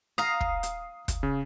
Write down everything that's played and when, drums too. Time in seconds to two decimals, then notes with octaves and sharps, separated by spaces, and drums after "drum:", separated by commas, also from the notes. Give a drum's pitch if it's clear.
0.18 F5 A#5 D#6 C7
0.41 drum: kick
0.63 drum: hi-hat
1.08 drum: kick, hi-hat
1.23 C#3